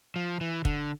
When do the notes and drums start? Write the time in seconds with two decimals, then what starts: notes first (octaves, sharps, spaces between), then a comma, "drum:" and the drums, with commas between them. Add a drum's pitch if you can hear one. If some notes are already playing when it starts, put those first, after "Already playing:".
0.16 F3
0.41 E3
0.65 D3, drum: kick